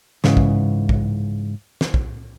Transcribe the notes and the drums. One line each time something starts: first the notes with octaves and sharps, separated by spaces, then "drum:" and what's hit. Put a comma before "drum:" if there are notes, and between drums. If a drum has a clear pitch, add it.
G#2 C#3 E3, drum: snare
drum: kick
drum: kick
drum: snare
drum: kick